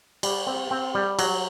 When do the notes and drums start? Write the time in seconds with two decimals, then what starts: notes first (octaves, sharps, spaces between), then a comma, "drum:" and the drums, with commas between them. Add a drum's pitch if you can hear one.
0.23 G3, drum: cymbal
0.47 C4
0.71 C4
0.95 G3
1.19 F#3, drum: cymbal